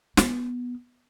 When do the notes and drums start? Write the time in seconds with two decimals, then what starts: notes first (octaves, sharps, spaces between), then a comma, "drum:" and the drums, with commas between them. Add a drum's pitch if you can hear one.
0.17 B3, drum: snare